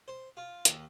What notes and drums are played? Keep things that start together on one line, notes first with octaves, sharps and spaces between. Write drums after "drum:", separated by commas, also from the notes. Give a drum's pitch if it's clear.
C5
F4
D#2, drum: hi-hat